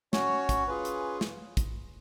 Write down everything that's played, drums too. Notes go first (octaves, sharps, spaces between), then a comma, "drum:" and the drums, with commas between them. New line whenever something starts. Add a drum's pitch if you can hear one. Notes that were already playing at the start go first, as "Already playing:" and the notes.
C#4 F#4 C#5, drum: snare
drum: kick, hi-hat
C#4 F4 G#4 B4
drum: hi-hat
drum: snare
drum: kick, hi-hat